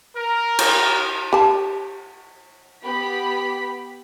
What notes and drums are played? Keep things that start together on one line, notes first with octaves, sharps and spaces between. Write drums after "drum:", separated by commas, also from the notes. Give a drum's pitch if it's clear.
A#4
drum: cymbal
G4 A5
B3 G4 B5 B6